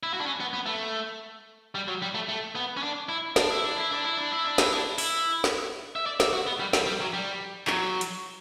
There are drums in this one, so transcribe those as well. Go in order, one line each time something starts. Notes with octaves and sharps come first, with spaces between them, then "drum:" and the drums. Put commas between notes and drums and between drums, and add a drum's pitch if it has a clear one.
E4
F#4
D4
C#4
B3
B3
A3
G3
F#3
G3
A3
A3
B3
C#4
D4
E4
D4, drum: snare
E4
D4
E4
D4
E4
D4
E4
D4
E4, drum: snare
D4
E4, drum: open hi-hat
drum: snare
E5
D5
E5, drum: snare
F#4
B3
G3
G3, drum: snare
G3
F#3
G3
F#3, drum: clap
drum: hi-hat